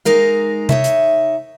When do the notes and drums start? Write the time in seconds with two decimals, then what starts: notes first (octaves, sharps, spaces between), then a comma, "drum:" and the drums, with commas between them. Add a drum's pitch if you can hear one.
0.05 G#3 D#4 A#4 F5
0.69 D#4 C#5 E5, drum: tom C3
0.84 drum: hi-hat